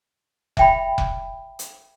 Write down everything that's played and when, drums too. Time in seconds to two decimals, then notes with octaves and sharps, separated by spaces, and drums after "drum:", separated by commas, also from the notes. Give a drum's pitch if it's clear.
0.57 E5 G5 B5, drum: kick F1
0.98 drum: kick F1
1.59 drum: hi-hat